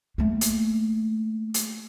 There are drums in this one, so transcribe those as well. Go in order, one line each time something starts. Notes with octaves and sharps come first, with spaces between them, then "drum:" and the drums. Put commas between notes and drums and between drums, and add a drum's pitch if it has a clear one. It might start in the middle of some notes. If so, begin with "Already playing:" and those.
A3 A#3
drum: hi-hat
drum: hi-hat